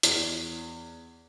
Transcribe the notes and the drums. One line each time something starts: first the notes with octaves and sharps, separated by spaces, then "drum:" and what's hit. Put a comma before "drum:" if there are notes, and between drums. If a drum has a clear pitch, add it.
E2, drum: hi-hat